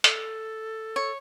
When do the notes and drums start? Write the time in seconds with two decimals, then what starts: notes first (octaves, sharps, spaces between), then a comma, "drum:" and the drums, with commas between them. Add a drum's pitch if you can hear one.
0.04 A4, drum: hi-hat
0.96 C#5